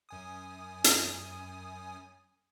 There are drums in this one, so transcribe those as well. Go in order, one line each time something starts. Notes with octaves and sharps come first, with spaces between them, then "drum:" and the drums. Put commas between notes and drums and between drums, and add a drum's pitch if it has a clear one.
F#2 G#5 D#6
drum: hi-hat